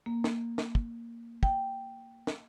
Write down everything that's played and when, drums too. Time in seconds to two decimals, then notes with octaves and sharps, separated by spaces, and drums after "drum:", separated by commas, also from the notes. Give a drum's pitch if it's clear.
0.06 A#3
0.24 drum: snare
0.58 drum: snare
0.75 drum: kick
1.43 G5, drum: kick
2.27 drum: snare